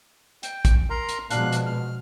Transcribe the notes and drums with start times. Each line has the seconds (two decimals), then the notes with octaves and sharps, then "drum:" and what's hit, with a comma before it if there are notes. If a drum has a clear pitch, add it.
0.43 G5, drum: hi-hat
0.65 drum: kick, hi-hat
0.90 A#4 A#5 C6
1.09 drum: hi-hat
1.31 B2 F3 G#3 D4 F5 F#6, drum: hi-hat
1.52 drum: hi-hat
1.66 F6